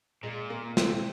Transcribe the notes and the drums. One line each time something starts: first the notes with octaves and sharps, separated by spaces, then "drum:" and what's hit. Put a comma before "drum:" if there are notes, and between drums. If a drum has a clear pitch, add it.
A#2 G#3
A#3
C4, drum: snare